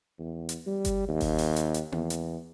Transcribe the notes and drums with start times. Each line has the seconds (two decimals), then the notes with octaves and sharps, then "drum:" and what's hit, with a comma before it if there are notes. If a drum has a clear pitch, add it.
0.19 E2
0.49 drum: hi-hat
0.66 G3
0.85 drum: kick G1, hi-hat
1.08 D#2
1.21 drum: kick G1, open hi-hat
1.38 drum: open hi-hat
1.56 drum: hi-hat
1.74 drum: hi-hat
1.92 E2, drum: tom A#3
2.10 drum: hi-hat